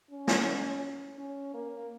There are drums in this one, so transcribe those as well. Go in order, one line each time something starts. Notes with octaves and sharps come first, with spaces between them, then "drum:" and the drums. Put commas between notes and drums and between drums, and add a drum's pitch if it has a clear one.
C#4
drum: snare
C#4
A#3